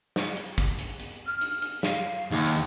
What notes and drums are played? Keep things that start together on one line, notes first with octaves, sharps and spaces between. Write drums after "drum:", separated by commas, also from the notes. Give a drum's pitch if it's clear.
drum: snare
drum: hi-hat
drum: kick, hi-hat
drum: hi-hat
drum: hi-hat
F6
drum: hi-hat
drum: hi-hat
F5, drum: snare
D#2 F#5
drum: hi-hat